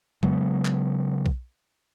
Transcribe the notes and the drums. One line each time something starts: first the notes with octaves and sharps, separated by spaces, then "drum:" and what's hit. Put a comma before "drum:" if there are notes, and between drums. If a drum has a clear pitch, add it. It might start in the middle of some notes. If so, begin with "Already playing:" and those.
C#3 F#3 G#3 B3, drum: tom F2
drum: clap
drum: kick B1